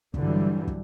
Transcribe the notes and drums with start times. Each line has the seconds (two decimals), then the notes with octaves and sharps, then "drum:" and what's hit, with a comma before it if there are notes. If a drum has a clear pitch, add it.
0.14 G2 D3 E3 F#3 G3, drum: kick
0.67 drum: kick